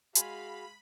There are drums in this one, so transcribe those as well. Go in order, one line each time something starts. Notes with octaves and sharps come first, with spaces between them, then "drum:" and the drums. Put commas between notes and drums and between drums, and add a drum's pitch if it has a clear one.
G#3 F#4 G#4 F5 G#5 B5 C6, drum: hi-hat